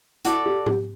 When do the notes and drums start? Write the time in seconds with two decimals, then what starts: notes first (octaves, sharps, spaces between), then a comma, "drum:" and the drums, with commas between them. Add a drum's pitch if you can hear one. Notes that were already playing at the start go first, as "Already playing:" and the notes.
0.25 E4 F#4 A4 D5, drum: hi-hat
0.46 G4
0.66 G4, drum: tom G#2